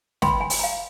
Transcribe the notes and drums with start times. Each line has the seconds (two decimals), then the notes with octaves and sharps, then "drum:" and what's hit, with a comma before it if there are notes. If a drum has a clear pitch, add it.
0.22 B4 G5 B5 C6, drum: snare
0.40 G#5
0.50 drum: open hi-hat
0.59 F5 A#5